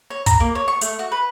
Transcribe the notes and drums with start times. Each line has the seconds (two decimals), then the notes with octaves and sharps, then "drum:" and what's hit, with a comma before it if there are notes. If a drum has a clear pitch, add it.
0.10 C#5
0.26 A#5, drum: kick, hi-hat
0.40 A#3
0.55 C#5
0.68 C#6
0.81 A3, drum: hi-hat
0.99 F#4
1.12 B4